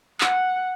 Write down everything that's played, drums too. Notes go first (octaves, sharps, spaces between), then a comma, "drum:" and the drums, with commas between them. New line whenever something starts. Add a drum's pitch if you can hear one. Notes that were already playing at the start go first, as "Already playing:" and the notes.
F#5, drum: clap